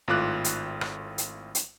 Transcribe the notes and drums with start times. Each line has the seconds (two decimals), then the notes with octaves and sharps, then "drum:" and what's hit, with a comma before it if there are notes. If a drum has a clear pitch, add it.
0.08 G#1 A2 F4 D6 F#6
0.44 drum: hi-hat
0.81 drum: rim click
1.18 drum: hi-hat
1.55 drum: hi-hat